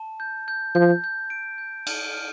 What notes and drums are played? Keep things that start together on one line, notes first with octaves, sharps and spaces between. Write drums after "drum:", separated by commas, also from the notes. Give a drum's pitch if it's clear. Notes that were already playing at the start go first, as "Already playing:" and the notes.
Already playing: A5
G6
G6
F3 G6
G6
D7
G6
F6, drum: cymbal
F6